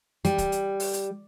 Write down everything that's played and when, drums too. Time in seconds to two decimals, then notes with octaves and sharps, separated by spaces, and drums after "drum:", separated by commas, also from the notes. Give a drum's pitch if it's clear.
0.25 G3, drum: hi-hat
0.38 drum: kick, hi-hat
0.52 drum: hi-hat
0.80 drum: open hi-hat
0.93 drum: hi-hat